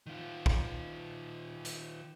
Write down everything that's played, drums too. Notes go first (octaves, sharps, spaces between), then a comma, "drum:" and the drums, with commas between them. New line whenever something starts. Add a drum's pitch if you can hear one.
D#3 F4
drum: kick
drum: hi-hat